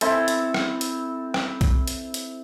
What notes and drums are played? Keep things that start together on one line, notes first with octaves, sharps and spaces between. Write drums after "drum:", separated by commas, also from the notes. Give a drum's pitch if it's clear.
C4 E4 A4, drum: hi-hat
drum: hi-hat
drum: rim click
drum: hi-hat
drum: rim click
drum: kick, hi-hat
drum: hi-hat
drum: hi-hat